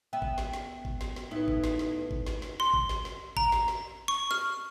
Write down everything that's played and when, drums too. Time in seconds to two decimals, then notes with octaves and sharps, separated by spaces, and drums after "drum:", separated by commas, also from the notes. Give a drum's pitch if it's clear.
0.13 B3 E5 G5
0.22 drum: kick G#1
0.38 drum: snare
0.53 drum: snare
0.85 drum: kick G#1
1.01 drum: snare
1.16 drum: snare
1.31 A2 B3 D#4 E4 B4
1.48 drum: kick G#1
1.64 drum: snare
1.79 drum: snare
2.11 drum: kick G#1
2.26 drum: snare
2.42 drum: snare
2.60 C6
2.74 drum: kick G#1
2.89 drum: snare
3.05 drum: snare
3.37 A#5, drum: kick G#1
3.52 drum: snare
3.68 drum: snare
4.08 C#6
4.31 F6, drum: snare